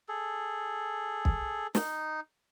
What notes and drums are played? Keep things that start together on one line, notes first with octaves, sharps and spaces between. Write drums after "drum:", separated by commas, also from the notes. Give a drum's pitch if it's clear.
G#4 A4
drum: kick
D#4, drum: snare